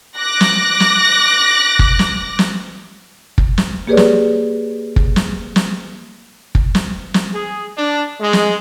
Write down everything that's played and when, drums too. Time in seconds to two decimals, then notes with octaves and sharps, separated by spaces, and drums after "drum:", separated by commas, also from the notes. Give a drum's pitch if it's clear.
0.17 D6 F#6 A#6
0.41 drum: snare
0.80 drum: snare
1.79 drum: kick
1.99 drum: snare
2.39 drum: snare
3.38 drum: kick
3.58 drum: snare
3.87 A#3 G4 G#4 B4 C#5 D5
3.97 drum: snare
4.96 drum: kick
5.16 drum: snare
5.56 drum: snare
6.55 drum: kick
6.75 drum: snare
7.14 drum: snare
7.34 G#4
7.77 D4
8.20 G#3
8.33 drum: snare